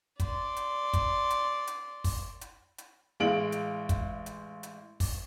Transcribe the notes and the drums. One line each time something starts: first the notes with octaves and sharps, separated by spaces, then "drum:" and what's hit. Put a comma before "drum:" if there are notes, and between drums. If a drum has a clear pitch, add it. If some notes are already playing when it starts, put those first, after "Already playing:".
D5 C6, drum: kick, hi-hat
drum: hi-hat
drum: kick, hi-hat
drum: hi-hat
drum: hi-hat
drum: kick, open hi-hat
drum: hi-hat
drum: hi-hat
A1 G#3 F5 D7 F#7
drum: hi-hat
drum: kick, hi-hat
drum: hi-hat
drum: hi-hat
drum: kick, open hi-hat